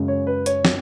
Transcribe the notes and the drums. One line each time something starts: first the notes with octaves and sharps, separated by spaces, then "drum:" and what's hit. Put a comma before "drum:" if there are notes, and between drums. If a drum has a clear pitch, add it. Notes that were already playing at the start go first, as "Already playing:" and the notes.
Already playing: F#2 C#3 G#3
C#5
B4
C#5, drum: hi-hat
drum: snare